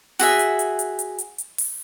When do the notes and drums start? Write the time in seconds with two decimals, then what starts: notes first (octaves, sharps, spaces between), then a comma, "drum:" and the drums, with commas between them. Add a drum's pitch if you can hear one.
0.19 F#4 G#4 E5, drum: open hi-hat
0.39 drum: hi-hat
0.59 drum: hi-hat
0.79 drum: hi-hat
0.99 drum: hi-hat
1.19 drum: hi-hat
1.38 drum: hi-hat
1.58 drum: open hi-hat